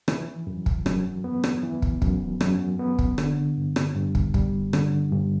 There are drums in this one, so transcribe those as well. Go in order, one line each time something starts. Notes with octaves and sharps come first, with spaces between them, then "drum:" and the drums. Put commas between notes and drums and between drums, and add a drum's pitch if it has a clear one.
E3, drum: rim click
F#2
drum: kick
F#2, drum: rim click
B3
drum: rim click
E3
drum: kick
F#2, drum: kick
F#2, drum: rim click
B3
drum: kick
D3, drum: rim click
G2
drum: rim click
G2
drum: kick
G3, drum: kick
D3, drum: rim click
G2